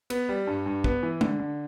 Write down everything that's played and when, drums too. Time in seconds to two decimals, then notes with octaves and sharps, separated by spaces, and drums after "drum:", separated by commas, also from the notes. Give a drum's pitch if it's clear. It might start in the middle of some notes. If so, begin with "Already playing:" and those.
0.10 B3, drum: cymbal
0.29 G3
0.47 G2
0.66 G2
0.84 B3, drum: kick
1.03 E3
1.21 D3, drum: tom
1.40 D3